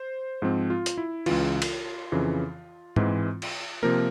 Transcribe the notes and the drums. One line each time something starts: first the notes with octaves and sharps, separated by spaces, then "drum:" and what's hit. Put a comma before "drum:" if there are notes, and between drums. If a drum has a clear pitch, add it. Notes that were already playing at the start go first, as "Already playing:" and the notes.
Already playing: C5
G#2 F3 C4
F4
drum: hi-hat
E4
C#2 C#3 E3 F4, drum: cymbal
drum: cymbal
F2 C#3 E3
G#2 E3 G#3 C4, drum: tom G#2
drum: cymbal
C3 F3 A#3 A#4